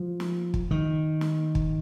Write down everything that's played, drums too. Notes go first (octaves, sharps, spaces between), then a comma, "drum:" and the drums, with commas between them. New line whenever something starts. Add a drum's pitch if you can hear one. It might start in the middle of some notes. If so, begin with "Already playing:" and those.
Already playing: F3
drum: snare
drum: kick
D#3
drum: snare
drum: kick